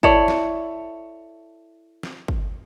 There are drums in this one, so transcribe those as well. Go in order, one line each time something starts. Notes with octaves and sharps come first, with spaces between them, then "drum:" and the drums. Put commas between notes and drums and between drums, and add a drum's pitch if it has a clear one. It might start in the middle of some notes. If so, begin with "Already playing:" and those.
E4 A4 C#5 D5, drum: kick
drum: snare
drum: snare
drum: kick